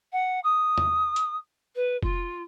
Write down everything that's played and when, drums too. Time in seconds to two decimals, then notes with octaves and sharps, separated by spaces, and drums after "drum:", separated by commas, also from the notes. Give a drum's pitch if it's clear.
0.13 F#5
0.44 D#6
0.78 drum: tom E2
1.16 drum: hi-hat
1.75 B4
2.03 F4, drum: kick F1